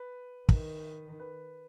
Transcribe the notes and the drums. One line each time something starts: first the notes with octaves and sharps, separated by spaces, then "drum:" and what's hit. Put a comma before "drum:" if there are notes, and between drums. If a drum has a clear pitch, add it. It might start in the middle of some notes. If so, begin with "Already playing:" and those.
Already playing: B4
D#3, drum: kick
B4